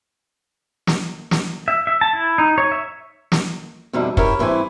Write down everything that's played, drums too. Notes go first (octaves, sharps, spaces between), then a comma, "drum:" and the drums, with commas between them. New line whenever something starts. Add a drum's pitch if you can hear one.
drum: snare
drum: snare
E5
E5
A5
E4
D#4
C#5
E5
drum: snare
F2 B2 D3 G3 D#4 E5
C#4 E4 G4 A#4 C#5, drum: kick
G2 E3 C4 E4 G#5